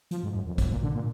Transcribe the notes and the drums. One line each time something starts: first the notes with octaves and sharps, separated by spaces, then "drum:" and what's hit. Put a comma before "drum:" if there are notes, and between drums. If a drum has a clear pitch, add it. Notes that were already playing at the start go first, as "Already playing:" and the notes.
F3, drum: hi-hat
G#2
F#2
F2
F#2, drum: kick, hi-hat
A#2
D3
A#2